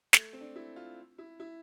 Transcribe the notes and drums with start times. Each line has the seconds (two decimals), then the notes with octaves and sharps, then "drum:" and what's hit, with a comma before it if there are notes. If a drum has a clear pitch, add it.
0.13 A3, drum: snare
0.33 C4
0.41 D4
0.56 E4
0.76 F4
1.18 E4
1.40 E4